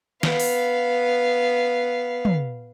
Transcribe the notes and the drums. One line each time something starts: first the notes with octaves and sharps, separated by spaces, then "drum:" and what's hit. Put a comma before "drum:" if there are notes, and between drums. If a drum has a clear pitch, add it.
B3 F5, drum: snare
drum: open hi-hat
drum: tom